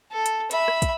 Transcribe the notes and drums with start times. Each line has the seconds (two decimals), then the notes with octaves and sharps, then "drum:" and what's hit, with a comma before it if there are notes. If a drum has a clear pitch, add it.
0.12 A4
0.26 drum: hi-hat
0.51 E5 B5, drum: hi-hat
0.68 drum: rim click
0.82 drum: kick, hi-hat